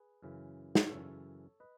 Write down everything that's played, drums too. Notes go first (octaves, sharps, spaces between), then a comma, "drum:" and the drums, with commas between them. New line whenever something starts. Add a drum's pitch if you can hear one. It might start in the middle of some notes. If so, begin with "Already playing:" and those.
Already playing: G#4 B4
F#2 C#3 E3
drum: snare
F#2 C#3 E3 A4 C#5
B4 D#5